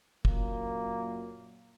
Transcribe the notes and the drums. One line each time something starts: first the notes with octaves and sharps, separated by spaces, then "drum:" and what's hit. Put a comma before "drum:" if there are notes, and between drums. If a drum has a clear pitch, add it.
F#2 A#2 A#3, drum: kick